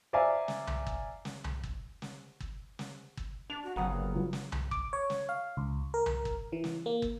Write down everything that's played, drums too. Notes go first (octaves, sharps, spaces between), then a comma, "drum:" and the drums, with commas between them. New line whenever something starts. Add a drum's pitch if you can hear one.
C5 D5 E5 F5 G#5 A#5
drum: snare
drum: tom C2
drum: kick
drum: snare
drum: tom C2
drum: kick
drum: snare
drum: kick
drum: snare
drum: kick
D4 F7
F#4
G1 C#3 F#3 B3 F#5 G5 A#5 D#6
A#3
C#2 F#3
drum: snare
drum: tom C2
D6, drum: kick
C#5
drum: snare
F5
C#2
A#4
drum: tom C2
drum: kick
E3
drum: snare
A#3
drum: kick